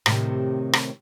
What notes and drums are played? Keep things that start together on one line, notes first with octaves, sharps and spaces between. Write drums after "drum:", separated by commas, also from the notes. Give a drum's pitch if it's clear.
A2 C3 D#3, drum: rim click
drum: rim click